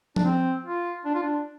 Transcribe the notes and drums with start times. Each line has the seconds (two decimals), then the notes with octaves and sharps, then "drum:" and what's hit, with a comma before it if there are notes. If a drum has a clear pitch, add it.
0.16 D4, drum: tom F3
0.25 C4
0.65 F4
1.05 D4
1.14 F4
1.23 D4